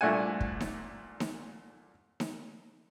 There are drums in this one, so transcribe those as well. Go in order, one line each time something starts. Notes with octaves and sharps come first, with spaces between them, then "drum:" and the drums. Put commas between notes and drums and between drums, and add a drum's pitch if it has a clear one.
C2 A#2 A3 D4 F#5 G#5
drum: kick
drum: snare D#4
drum: snare D#4
drum: snare D#4